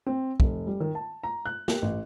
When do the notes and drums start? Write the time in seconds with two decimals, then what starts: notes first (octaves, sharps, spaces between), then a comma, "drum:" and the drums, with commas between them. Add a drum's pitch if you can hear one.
0.07 C4
0.40 F1, drum: kick
0.67 G3
0.80 D#3
0.95 A5
1.24 A#5
1.46 F#6
1.68 G4, drum: snare A#3
1.82 A1